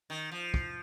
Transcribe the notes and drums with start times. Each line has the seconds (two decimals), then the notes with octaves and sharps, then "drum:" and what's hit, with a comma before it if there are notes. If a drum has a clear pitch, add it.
0.10 D#3
0.31 F3
0.54 drum: kick